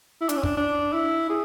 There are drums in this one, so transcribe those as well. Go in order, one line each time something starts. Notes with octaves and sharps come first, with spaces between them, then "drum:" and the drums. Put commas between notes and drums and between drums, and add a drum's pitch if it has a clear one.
E4
D4, drum: hi-hat
C#4
D4, drum: kick
D4
E4
G#4